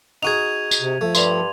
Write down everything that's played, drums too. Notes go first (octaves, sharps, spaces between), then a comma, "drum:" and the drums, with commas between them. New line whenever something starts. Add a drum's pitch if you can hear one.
D#4 F#4 G#4 G#6 D#7 F7
drum: tambourine
C3
F3 A3
G2 C6 F7, drum: tambourine